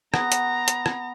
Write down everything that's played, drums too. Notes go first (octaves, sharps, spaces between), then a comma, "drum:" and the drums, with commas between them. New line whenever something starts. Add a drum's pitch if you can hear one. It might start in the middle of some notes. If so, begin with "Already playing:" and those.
B3 A#5, drum: rim click
drum: hi-hat
drum: hi-hat
drum: rim click